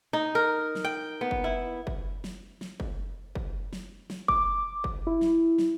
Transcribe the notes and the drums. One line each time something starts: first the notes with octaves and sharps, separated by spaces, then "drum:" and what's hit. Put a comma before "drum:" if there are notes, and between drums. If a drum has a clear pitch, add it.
D#4
A#4
drum: snare
G5
B3
drum: kick
E4
drum: kick
drum: snare
drum: snare
drum: kick
drum: kick
drum: snare
drum: snare
D6, drum: kick
drum: kick
E4
drum: snare
drum: snare